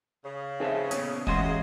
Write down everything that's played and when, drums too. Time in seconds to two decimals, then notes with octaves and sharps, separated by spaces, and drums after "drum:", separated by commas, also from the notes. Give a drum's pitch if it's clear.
0.24 C#3
0.60 C4 D#4 G#4 A4 C5 E5
0.91 A#2 B3 C#4 D#6, drum: hi-hat
1.27 G#2 E3 F#3 C#4 F#4 D#5 C6, drum: kick
1.49 G#4 F5